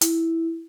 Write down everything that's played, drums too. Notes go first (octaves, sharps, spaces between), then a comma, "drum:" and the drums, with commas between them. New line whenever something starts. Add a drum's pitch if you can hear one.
E4, drum: hi-hat